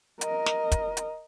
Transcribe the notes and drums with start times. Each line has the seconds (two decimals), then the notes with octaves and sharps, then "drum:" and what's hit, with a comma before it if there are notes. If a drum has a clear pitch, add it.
0.21 A#4 D#5, drum: hi-hat
0.46 drum: snare
0.72 drum: kick, hi-hat
0.97 drum: hi-hat